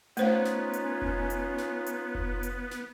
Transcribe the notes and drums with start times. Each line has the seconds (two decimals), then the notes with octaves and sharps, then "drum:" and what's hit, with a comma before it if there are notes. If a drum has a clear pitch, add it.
0.17 A3 B3 C#4 D#4 F4 C5 C#5 F5, drum: hi-hat
0.45 drum: snare
0.73 drum: hi-hat
1.02 drum: kick F1
1.30 drum: hi-hat
1.58 drum: snare
1.86 drum: hi-hat
2.15 drum: kick F1
2.43 drum: hi-hat
2.71 drum: snare